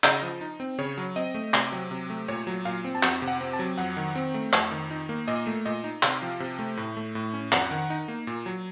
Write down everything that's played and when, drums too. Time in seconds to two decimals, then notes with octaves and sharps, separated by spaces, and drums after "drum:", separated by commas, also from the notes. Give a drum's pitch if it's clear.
0.04 C#3 D#5, drum: clap
0.23 F3
0.41 D#4
0.60 C4
0.78 C#3 C#5
0.98 F#3
1.16 C4 D#5
1.35 A3
1.54 C3, drum: clap
1.72 F#3
1.91 C3
2.10 A3
2.28 A#2 C#5
2.47 F#3
2.65 A#2 F5
2.85 C4
2.95 A5
3.03 F2 F#5, drum: clap
3.22 C3
3.28 F#5
3.41 C4
3.53 A5
3.59 F#3
3.78 F2 F#5
3.97 D#3
4.15 C4
4.34 A3
4.53 F2, drum: clap
4.71 D#3
4.91 D#4
5.09 A#3
5.28 A#2 D#5
5.47 A3
5.65 A#2 D#5
5.84 D#4
6.03 C3 F5, drum: clap
6.22 F3
6.40 C3
6.59 A3
6.77 A2
6.97 A3
7.15 A2
7.34 C#4
7.52 F2 F#5, drum: clap
7.71 D#3
7.90 D#4
8.08 A#3
8.27 A#2
8.46 F#3